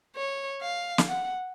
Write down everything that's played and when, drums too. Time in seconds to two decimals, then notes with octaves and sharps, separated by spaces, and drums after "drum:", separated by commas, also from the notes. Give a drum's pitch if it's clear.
0.16 C#5
0.61 F5
0.98 drum: snare
1.08 F#5